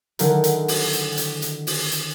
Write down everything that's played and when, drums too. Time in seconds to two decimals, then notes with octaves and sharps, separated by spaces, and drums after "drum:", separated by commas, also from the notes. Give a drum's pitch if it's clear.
0.19 D3 D#3 F#3 E4 G#4 A#4, drum: hi-hat
0.44 drum: hi-hat
0.68 drum: open hi-hat
0.93 drum: hi-hat
1.18 drum: hi-hat
1.42 drum: hi-hat
1.67 drum: open hi-hat
1.91 drum: hi-hat